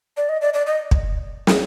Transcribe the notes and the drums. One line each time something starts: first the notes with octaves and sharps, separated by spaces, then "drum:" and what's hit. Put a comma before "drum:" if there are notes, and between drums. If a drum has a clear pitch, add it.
D5
D#5
D5
D5
D#5
drum: kick
drum: snare